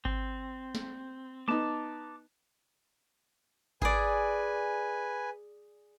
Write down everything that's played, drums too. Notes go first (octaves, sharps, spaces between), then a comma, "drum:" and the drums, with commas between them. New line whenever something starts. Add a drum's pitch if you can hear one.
C4, drum: kick G#1
drum: snare
B3 D#4 A5 D6
G#4 B4 D5 G#5, drum: kick G#1